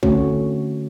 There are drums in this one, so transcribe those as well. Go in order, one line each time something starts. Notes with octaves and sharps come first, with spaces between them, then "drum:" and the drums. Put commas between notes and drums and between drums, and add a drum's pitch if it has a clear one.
D3 A3 C4 C#4 F#4 C#5, drum: kick